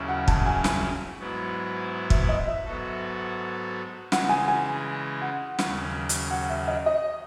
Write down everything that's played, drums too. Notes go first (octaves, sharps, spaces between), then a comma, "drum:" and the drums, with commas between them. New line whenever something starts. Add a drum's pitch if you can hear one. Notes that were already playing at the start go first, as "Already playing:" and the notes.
Already playing: D#2 C#3 F#3 C#4 E4
F#5
A5, drum: kick
G#5
drum: snare
G#2 F#3 B3 E4
E5, drum: kick
D#5
E5
G#2 F#3 B3 F#4 A4
C#3 E3 G#3 F#5, drum: snare
G#5
G#5
F#5
D#2 C#3 F#3, drum: snare
drum: hi-hat
F#5
E5
D#5
D#5